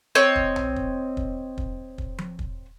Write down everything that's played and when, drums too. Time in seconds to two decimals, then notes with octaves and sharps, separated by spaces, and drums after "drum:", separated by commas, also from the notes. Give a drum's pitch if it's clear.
0.15 C4 C#5 D#5
0.36 drum: kick
0.56 drum: tom B1
0.76 drum: kick
1.17 drum: kick
1.58 drum: kick
1.98 drum: kick
2.18 drum: tom F3
2.39 drum: kick